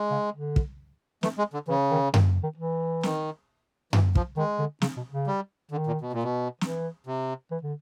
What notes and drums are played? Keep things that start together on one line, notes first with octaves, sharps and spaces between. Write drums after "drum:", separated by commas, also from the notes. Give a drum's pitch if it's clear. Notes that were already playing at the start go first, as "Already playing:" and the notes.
Already playing: G#3
C#3
D3
drum: kick
E3 A3, drum: snare
G#3
D3
C#3 E3
D#3
D#3, drum: tom F#2
D#3
E3
D#3, drum: snare
E3, drum: tom F#2
F3, drum: kick
D#3 G#3
D3
C#3, drum: snare
B2
C#3
G3
D3 D#3
A#2
B2
A#2
B2
E3, drum: snare
C3
E3
D3